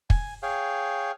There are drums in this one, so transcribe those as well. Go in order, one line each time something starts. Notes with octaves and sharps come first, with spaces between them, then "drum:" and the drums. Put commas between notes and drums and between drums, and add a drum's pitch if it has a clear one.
G#5, drum: kick
G#4 C#5 F5 G5